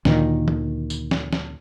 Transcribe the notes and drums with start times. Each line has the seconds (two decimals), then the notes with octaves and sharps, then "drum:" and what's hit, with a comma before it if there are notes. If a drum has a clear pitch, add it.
0.05 D2 A#2 D#3, drum: snare
0.48 drum: tom D#3
0.90 drum: tambourine
1.11 drum: snare
1.33 drum: snare